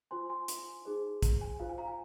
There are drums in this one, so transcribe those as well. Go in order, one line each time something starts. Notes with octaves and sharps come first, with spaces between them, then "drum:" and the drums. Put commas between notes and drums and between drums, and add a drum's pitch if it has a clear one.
F4 C5 G#5 C6
G#5 C6
drum: hi-hat
D#4 G#4 C5
drum: kick, hi-hat
G#5
F4 C5 F5
G#5
F5 A#5
G#5